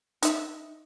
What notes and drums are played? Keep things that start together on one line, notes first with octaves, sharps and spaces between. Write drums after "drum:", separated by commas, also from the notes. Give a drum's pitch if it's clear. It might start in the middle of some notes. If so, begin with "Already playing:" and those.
D#4 E5, drum: hi-hat